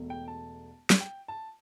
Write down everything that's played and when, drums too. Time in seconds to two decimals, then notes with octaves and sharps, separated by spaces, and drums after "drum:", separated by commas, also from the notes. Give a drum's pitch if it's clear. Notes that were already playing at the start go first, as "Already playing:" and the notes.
Already playing: E1 E2 B2 A3
0.10 G5
0.28 A5
0.90 drum: snare
1.00 G5
1.28 A5